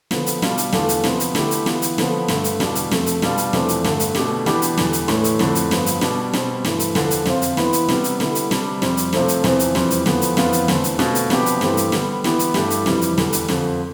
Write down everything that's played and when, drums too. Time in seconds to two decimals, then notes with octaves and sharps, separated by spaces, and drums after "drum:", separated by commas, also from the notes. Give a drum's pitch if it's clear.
0.11 D3 F3 B3 F4, drum: snare
0.26 drum: hi-hat
0.42 B2 G3 D4 F4, drum: snare
0.58 drum: hi-hat
0.72 E2 D3 A3 D4 F4, drum: snare
0.89 drum: hi-hat
1.04 C3 F3 B3, drum: snare
1.20 drum: hi-hat
1.35 D3 A3 E4 G4, drum: snare
1.51 drum: hi-hat
1.66 E3 B3 F4, drum: snare
1.82 drum: hi-hat
1.98 D3 F3 B3, drum: snare
2.28 G2 D3 A3, drum: snare
2.44 drum: hi-hat
2.60 E2 B2 G3 D4 F4, drum: snare
2.75 drum: hi-hat
2.91 F2 C3 F3 A3, drum: snare
3.06 drum: hi-hat
3.22 B2 G3 D4 F4, drum: snare
3.37 drum: hi-hat
3.53 E2 C3 F3 A3 D4, drum: snare
3.68 drum: hi-hat
3.84 G2 D3 A3, drum: snare
4.00 drum: hi-hat
4.15 B2 A3 D4 G4, drum: snare
4.46 E3 B3 D4 G4, drum: snare
4.62 drum: hi-hat
4.77 E2 D3 G3, drum: snare
4.93 drum: hi-hat
5.08 A2 E3 A3 D4, drum: snare
5.24 drum: hi-hat
5.39 F2 D3 A3 E4, drum: snare
5.55 drum: hi-hat
5.71 G2 F3 B3, drum: snare
5.86 drum: hi-hat
6.01 B2 G3 D4, drum: snare
6.33 B2 G3 C4, drum: snare
6.65 G2 E3 A3, drum: snare
6.79 drum: hi-hat
6.95 E2 D3 F3, drum: snare
7.11 drum: hi-hat
7.26 F2 C3 F3 C4 F4, drum: snare
7.42 drum: hi-hat
7.57 E3 B3 E4, drum: snare
7.73 drum: hi-hat
7.88 C3 G3 B3, drum: snare
8.04 drum: hi-hat
8.20 D3 G3 B3 E4, drum: snare
8.35 drum: hi-hat
8.51 C3 G3 D4, drum: snare
8.82 F2 C3 G3 C4, drum: snare
8.97 drum: hi-hat
9.13 C3 F3 A3 C4, drum: snare
9.28 drum: hi-hat
9.44 E2 C3 F3 C4, drum: snare
9.59 drum: hi-hat
9.75 F2 E3 G3 C4, drum: snare
9.90 drum: hi-hat
10.06 E2 D3 F3 B3, drum: snare
10.22 drum: hi-hat
10.37 F2 E3 B3 F4, drum: snare
10.53 drum: hi-hat
10.68 E2 D3 A3 C4, drum: snare
10.84 drum: hi-hat
10.99 B2 A3 C4 F4, drum: snare
11.15 drum: hi-hat
11.30 C3 F3 B3 D4 G4, drum: snare
11.46 drum: hi-hat
11.61 G2 E3 A3 C4 G4, drum: snare
11.77 drum: hi-hat
11.92 D3 G3 B3, drum: snare
12.24 E3 B3 E4 G4, drum: snare
12.39 drum: hi-hat
12.54 G2 E3 A3 D4 G4, drum: snare
12.70 drum: hi-hat
12.86 F2 C3 E3 G3, drum: snare
13.01 drum: hi-hat
13.18 E2 D3 G3, drum: snare
13.32 drum: hi-hat
13.48 F2 D3 F3, drum: snare